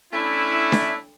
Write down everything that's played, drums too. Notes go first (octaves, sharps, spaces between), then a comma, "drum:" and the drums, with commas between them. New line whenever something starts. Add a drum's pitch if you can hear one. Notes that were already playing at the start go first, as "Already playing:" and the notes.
A3 C#4 D4 E4
drum: snare D4